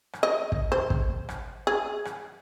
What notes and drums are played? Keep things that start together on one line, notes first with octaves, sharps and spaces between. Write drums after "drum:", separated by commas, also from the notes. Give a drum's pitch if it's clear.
drum: rim click
D#5
drum: kick
C5
drum: kick
drum: rim click
G#4
drum: rim click